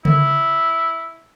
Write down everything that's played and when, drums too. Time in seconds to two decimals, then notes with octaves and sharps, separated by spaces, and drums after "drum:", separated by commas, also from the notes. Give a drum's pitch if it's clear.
0.05 E4, drum: tom C#3